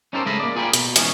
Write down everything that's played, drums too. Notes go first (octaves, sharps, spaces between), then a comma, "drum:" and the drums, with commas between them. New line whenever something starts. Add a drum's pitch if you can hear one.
C#4 D#4 G4 A4 A#4 C5
C#3 G#3 A3 D#5 B5
A#3 D5
F4 G#4 A#4 E5 G5 B5
B2, drum: hi-hat
E3 G#3 B3 C#4 G#4, drum: hi-hat